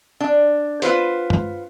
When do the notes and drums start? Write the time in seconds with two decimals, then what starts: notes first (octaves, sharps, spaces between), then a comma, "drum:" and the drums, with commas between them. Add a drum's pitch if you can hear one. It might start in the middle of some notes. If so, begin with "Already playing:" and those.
0.20 D4
0.82 B3 F4 B4 C5, drum: hi-hat
1.30 drum: tom G2